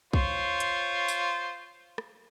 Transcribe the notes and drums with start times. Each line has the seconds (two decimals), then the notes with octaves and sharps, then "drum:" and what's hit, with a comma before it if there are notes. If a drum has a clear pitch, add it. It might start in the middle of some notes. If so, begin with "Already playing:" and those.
0.13 F4 C5 C#5, drum: kick
0.60 drum: hi-hat
1.08 drum: tambourine
1.98 drum: rim click